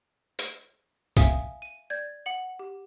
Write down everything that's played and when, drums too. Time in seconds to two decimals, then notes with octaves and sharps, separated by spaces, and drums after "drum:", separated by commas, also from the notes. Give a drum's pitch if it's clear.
0.39 drum: hi-hat
1.17 E5 F5 G#5 D#6, drum: kick B1, hi-hat
1.62 D#7
1.90 D5 G6 G#6
2.26 F#5 C#7 F#7
2.59 G4